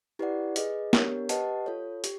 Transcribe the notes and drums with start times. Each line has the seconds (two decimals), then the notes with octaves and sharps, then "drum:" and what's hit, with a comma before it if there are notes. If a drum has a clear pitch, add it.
0.19 E4 G4 B4 D5 F#5
0.56 G#4 B4 D#5, drum: hi-hat
0.93 B3 D4 G4 A#4 C#5, drum: snare
1.29 G4 B4 D#5 F#5 A5, drum: hi-hat
1.66 F4 A4 C#5
2.04 G4, drum: hi-hat